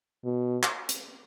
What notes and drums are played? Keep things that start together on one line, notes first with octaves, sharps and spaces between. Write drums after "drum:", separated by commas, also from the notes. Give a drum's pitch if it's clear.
B2
drum: clap
drum: hi-hat